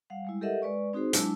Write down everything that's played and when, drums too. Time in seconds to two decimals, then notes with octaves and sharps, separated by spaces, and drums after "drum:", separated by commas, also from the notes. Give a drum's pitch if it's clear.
0.10 G3 F5 F#5
0.25 G3 G#3 E4
0.41 G4 A4 A#4 D#5 E5 F#5
0.62 G#3 B4 D5 C#6
0.93 C4 D#4 F#4 G#4 C5
1.13 F#3 G#3 D4 E4 A5 E6, drum: hi-hat